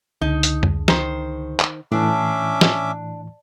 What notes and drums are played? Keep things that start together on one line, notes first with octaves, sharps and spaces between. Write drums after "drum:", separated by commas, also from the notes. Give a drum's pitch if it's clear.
C#2 D3 D#4
drum: hi-hat
drum: tom F2
D#3 C5, drum: snare
drum: clap
A2 E3 C#4 D4 E5 D6
drum: snare